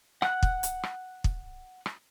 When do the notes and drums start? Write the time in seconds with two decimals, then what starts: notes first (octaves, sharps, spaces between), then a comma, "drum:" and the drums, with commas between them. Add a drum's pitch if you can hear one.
0.22 F#5 F#6, drum: rim click
0.43 drum: kick
0.63 drum: hi-hat
0.83 drum: rim click
1.24 drum: kick
1.86 drum: rim click